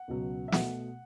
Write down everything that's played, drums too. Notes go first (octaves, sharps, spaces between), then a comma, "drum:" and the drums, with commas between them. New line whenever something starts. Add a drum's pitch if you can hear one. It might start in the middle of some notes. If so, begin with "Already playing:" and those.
Already playing: F#5
C#2 B2 F#3
E5
B2 A3 F#5, drum: snare